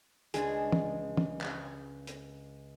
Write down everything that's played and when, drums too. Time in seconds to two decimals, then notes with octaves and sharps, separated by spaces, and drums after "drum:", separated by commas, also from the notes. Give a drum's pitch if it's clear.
0.34 C#2 D4 G#4, drum: hi-hat
0.72 drum: tom
1.17 drum: tom
1.41 drum: clap
2.07 drum: hi-hat